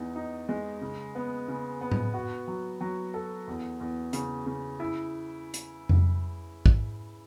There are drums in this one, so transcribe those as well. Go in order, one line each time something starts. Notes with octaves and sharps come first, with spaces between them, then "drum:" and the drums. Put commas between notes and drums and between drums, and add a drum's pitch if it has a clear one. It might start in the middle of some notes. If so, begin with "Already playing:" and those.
Already playing: E2 D#4
D#4
G#3
C#3
B3
C#3
B3
drum: tom A2
F#4
F#3
F#3
A4
E2
E2
C#3, drum: hi-hat
C#3
E4
drum: hi-hat
drum: tom F2
drum: kick